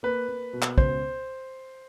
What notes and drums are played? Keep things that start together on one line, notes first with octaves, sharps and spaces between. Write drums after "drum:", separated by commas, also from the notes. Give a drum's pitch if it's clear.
A#3 B4
A#3
B2
drum: clap
C#2 C5, drum: kick